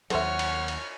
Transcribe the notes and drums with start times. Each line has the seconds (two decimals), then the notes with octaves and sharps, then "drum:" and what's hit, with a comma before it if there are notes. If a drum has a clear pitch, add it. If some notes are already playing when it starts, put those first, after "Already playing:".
0.10 D#2 F#3 A4 C5 C#5 E5 F#5 F6, drum: cymbal
0.39 drum: cymbal
0.68 drum: cymbal